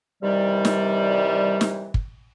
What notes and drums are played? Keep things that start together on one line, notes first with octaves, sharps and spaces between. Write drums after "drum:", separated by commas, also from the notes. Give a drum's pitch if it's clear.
C3 D#3 E3 G3
drum: snare
drum: snare
drum: kick